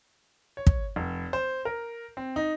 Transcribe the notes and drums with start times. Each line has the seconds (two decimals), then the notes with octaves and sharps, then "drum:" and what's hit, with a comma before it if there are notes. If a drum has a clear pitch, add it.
0.57 C#5
0.67 drum: kick
0.96 F1
1.33 C5
1.65 A#4
2.17 C4
2.36 D#4